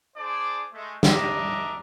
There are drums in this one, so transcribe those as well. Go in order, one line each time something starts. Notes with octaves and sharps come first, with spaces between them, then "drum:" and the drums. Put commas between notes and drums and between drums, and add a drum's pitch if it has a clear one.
D4 G#4 C5 D5
G#3 A3
D4 A#4 D#5 E5, drum: snare